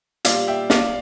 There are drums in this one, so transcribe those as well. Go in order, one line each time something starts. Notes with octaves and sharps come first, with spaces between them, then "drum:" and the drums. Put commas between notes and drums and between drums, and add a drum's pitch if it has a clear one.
A#2 G3 D5 F5, drum: hi-hat
E5 G5
D5 F5, drum: snare